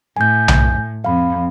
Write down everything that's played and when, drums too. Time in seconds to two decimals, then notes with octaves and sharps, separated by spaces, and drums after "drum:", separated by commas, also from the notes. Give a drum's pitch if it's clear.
0.17 A2 G#5 G6
0.48 drum: tom B1
1.04 F2 F5 B5